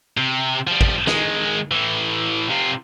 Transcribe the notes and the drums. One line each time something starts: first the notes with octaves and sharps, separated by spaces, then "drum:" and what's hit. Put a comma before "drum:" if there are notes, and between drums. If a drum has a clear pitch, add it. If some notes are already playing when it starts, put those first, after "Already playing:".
C3
F3 G3
drum: kick
D#3 G#3, drum: snare
A2 E3
C3 F4